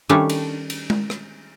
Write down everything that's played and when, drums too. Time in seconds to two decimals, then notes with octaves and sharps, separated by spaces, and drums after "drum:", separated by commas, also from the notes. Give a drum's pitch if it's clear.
0.09 D#3 G3 A3 C#4 D4 G4
0.30 drum: cymbal
0.70 drum: cymbal
0.90 drum: tom G#3
1.10 drum: rim click